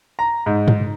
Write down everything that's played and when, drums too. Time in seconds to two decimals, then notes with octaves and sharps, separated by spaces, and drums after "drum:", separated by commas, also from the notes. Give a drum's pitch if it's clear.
0.19 A#5
0.46 G#2
0.68 drum: tom G2